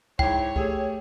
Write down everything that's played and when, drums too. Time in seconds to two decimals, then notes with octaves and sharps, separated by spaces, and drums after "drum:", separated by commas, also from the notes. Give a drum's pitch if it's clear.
0.19 G#2 E4 C#5 G5, drum: kick
0.56 A3 G4 G#4 E6, drum: kick